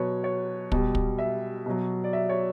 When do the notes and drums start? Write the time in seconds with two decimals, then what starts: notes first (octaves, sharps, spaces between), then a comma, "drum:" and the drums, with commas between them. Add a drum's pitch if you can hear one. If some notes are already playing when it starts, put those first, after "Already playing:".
Already playing: B2 F#3 B4 C#5
0.24 C#5
0.72 B2 G3, drum: kick
0.95 drum: kick
1.18 E5
1.66 B2 F#3
2.04 D5
2.13 E5
2.29 C#5